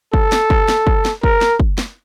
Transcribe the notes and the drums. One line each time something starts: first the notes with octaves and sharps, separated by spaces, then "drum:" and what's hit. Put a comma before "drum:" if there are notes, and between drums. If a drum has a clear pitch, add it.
A4, drum: kick
drum: snare
drum: kick
drum: snare
drum: kick
drum: snare
A#4, drum: kick
drum: snare
drum: kick
drum: snare